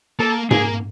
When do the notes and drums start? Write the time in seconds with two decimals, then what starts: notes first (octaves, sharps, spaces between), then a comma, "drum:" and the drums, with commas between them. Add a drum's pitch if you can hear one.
0.19 A#3 A4
0.51 A#3 G#4, drum: tom G#2